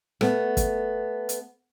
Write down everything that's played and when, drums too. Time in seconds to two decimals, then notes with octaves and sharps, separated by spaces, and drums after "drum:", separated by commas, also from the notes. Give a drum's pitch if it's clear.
0.21 A3 B3, drum: rim click
0.57 drum: kick, hi-hat
1.29 drum: hi-hat